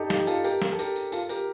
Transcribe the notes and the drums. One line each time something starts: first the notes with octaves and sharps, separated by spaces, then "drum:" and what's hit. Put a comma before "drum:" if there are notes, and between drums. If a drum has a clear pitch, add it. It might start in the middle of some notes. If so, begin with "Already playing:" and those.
Already playing: D#4 G4 A4
D#4 G4, drum: snare
F4 A4, drum: tambourine
G4 A#4, drum: tambourine
drum: snare
A4
G4 A#4, drum: tambourine
drum: tambourine
F4 A4, drum: tambourine
G4 A#4, drum: tambourine